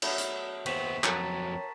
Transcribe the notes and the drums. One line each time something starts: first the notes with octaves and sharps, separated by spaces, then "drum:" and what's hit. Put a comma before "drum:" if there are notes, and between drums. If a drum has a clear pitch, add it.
F#3 A3 B3, drum: cymbal
drum: hi-hat
D#2 B3 C5 G5 C6 C#6 B6 E7, drum: cymbal
F2 F#3 A#4 C#5 A5 A#5 A6, drum: clap